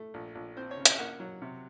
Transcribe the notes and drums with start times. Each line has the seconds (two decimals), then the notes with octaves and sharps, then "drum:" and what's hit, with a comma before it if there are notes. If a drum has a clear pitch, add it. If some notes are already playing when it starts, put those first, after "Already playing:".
Already playing: A3
0.14 A#1
0.35 A#1
0.57 C4 C5
0.71 C#5
0.77 C#3
0.85 D#5, drum: hi-hat
0.99 A#3 F#5
1.20 F#3
1.42 C3